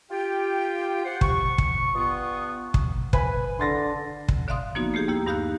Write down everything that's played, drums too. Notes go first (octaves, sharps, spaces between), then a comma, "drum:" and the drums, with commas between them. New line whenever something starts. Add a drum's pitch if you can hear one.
F4 G4 G5
C5 F#5
C#6, drum: kick
drum: kick
G2 B3 F4 F#5 C#6 D#6
drum: kick
B4 G#5 B5, drum: kick
D3 C6 A6 A#6
drum: kick
D3 D5 E5 F5 C6 D#6
F3 A#3 B3 D#4 F#4
A3 A#3 G4 G#4
D#2 A#3 E4 G4
G2 D#4 G4 F5 B5 F#6